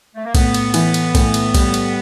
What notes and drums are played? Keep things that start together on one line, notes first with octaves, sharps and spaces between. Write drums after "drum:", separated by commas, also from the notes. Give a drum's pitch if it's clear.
A3
A#3
A2 B3, drum: kick B1, cymbal
drum: cymbal
E3, drum: cymbal
drum: cymbal
A2, drum: kick B1, cymbal
drum: cymbal
G3, drum: kick B1, cymbal
drum: cymbal